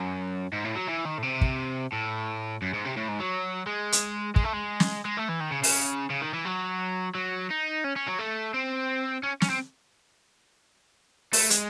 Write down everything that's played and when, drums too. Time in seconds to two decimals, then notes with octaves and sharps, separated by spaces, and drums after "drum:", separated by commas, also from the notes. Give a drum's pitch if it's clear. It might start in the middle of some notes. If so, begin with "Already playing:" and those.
Already playing: F#2
0.53 G#2
0.65 A2
0.76 F#3
0.88 E3
1.05 D#3
1.18 A2
1.23 C3
1.41 drum: kick
1.92 A2
2.62 F#2
2.73 G#2
2.85 C3
2.97 A2
3.08 G#2
3.20 F#3
3.66 G#3
3.92 drum: hi-hat
4.36 G#3, drum: kick
4.44 A3
4.53 G#3
4.80 drum: snare
5.05 G#3
5.17 A3
5.29 E3
5.41 D#3
5.52 C#3
5.63 C#3, drum: open hi-hat
6.10 C#3
6.21 D#3
6.33 E3
6.45 F#3
7.15 F#3
7.50 D#4
7.84 C#4
7.96 C#4
8.08 F#3
8.19 A3
8.54 C4
9.23 C#4
9.42 C#4, drum: snare
9.50 C4
11.33 A3, drum: open hi-hat
11.50 G#3, drum: hi-hat